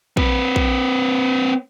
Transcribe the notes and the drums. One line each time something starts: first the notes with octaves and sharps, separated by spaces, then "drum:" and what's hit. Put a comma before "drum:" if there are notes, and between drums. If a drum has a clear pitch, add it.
C4 B4, drum: kick A#1
drum: kick A#1